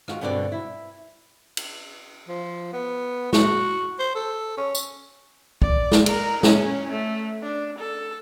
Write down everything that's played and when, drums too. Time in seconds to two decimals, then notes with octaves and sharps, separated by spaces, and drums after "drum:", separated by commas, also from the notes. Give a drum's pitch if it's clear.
0.08 D#3 F4 F#4, drum: rim click
0.21 G2 B2 D3 C4 A#4 D5
0.52 E4
1.57 drum: cymbal
2.28 F3
2.73 B3
3.33 F#4, drum: snare
3.99 C5
4.15 A4
4.58 C#4
4.75 drum: tambourine
5.62 D5, drum: kick
5.92 drum: snare
6.06 A#4, drum: cymbal
6.43 C#4, drum: snare
6.92 A3
7.42 D4
7.78 A4